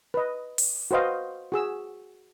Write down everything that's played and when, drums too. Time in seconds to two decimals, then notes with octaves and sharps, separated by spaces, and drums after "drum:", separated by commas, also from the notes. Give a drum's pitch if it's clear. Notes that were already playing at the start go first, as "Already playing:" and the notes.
0.14 B4 D#5
0.58 drum: open hi-hat
0.91 F#4 B4 C5 D#5 F5
1.52 F#4 G#4 E6